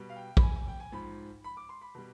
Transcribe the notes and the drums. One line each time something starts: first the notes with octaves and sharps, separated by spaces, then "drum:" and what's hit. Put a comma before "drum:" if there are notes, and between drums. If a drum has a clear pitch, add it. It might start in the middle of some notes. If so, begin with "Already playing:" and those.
Already playing: B2 G3
F5
G5
B5, drum: kick
G#5
G#5
G5
G#5
G#2 F3 B5
B5
D6
C6
B5
B2 G3